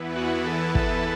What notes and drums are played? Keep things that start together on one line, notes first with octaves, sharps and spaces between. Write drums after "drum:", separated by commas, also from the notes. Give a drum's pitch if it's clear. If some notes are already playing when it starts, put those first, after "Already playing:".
Already playing: E2 E3 B3 E4 B4
F#4
A4
A4, drum: kick